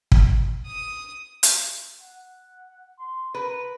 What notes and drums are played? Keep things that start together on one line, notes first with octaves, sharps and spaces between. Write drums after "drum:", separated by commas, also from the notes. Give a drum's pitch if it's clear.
drum: kick
D#6
drum: hi-hat
F#5
C6
A#4 B4 B5